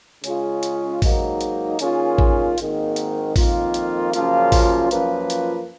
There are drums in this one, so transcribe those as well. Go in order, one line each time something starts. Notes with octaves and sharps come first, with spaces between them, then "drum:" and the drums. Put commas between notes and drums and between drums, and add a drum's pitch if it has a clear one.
C#3 G#3 C#4 F4 G#4, drum: hi-hat
drum: hi-hat
G#2 F#3 A#3 D#4, drum: kick, open hi-hat
drum: hi-hat
D#3 A#3 C#4 F4 G#4, drum: hi-hat
drum: kick
G#1 G#2 D#3 A#3, drum: hi-hat
drum: hi-hat
F2 D#3 A#3 F4, drum: kick, open hi-hat
drum: hi-hat
F#2 C#3 F3 A#3 F4, drum: hi-hat
drum: kick, open hi-hat
F#2 F3 A#3 F4 B4, drum: hi-hat
drum: hi-hat